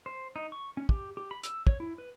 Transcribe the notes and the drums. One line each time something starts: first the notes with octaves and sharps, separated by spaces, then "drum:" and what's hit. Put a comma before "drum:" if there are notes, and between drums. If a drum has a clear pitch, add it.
C5
D#4
C#6
C#4
G4, drum: kick
G4
B5
E6, drum: hi-hat
C#5, drum: kick
E4
B4